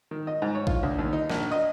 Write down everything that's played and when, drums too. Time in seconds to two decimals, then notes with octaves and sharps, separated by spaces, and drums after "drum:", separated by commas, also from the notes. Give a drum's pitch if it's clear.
0.11 D#3
0.27 D#5
0.42 G#2
0.55 C#5
0.67 F4, drum: kick A#1
0.83 D2
0.99 D#2
1.13 D#4
1.30 A#1, drum: snare
1.52 D#5